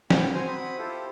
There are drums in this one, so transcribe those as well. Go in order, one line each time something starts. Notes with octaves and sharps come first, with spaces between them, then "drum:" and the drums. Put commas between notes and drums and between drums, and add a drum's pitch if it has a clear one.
A#3 B3 C#4 G#4 F#5 G5, drum: snare
C4 F#4 C5 G#5 A#5
C4 F#4 B5 D#6
E4 F4 G4 A4 C5